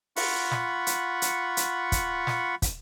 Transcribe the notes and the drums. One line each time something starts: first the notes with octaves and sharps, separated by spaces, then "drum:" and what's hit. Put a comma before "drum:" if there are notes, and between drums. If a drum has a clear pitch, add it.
F4 F#5 B5 C#6, drum: open hi-hat
drum: snare
drum: hi-hat
drum: hi-hat
drum: hi-hat
drum: kick, hi-hat
drum: snare
drum: kick, hi-hat